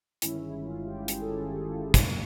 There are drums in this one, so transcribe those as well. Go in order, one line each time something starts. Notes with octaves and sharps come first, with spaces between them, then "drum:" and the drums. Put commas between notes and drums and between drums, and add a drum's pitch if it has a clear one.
G1 G2 D#3 G#3 C#4 E4, drum: hi-hat
E4
F4
G4
G4
G#4, drum: hi-hat
A4
G#4
G#4
E4
F#2 D3 G3 A#3, drum: kick, hi-hat